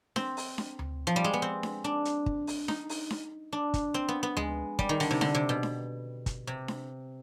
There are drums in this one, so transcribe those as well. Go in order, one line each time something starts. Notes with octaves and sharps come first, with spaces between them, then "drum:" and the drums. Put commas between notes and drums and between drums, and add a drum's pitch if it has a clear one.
C4, drum: snare D4
drum: open hi-hat
drum: snare D4
drum: tom D2
F3
G3
G#3
B3
C4
drum: snare D4
D4
drum: hi-hat
drum: kick
drum: open hi-hat
D#4, drum: snare D4
drum: open hi-hat
drum: snare D4
D4
drum: kick, hi-hat
C4
B3
B3
G#3, drum: tom D2
G3, drum: kick
D#3
D3, drum: open hi-hat
C3
D3, drum: snare D4
C3
B2
drum: snare D4
drum: kick, hi-hat
C3
drum: snare D4